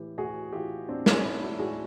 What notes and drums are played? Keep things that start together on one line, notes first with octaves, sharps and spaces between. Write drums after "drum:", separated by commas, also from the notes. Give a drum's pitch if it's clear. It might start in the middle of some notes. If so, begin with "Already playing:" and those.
Already playing: A2 E3 G4
A2 F#4 G#4
E3 F4 G4
A2 C4 D4
C#4 D#4, drum: snare
E3 D4 E4
E4 F#4
A2 F#4 G#4